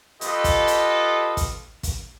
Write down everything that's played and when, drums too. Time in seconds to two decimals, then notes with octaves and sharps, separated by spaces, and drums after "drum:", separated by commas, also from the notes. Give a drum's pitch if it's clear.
0.21 F4 G4 A4 B4 D#5, drum: hi-hat
0.44 drum: kick, hi-hat
0.67 drum: hi-hat
1.37 drum: kick, hi-hat
1.83 drum: kick, hi-hat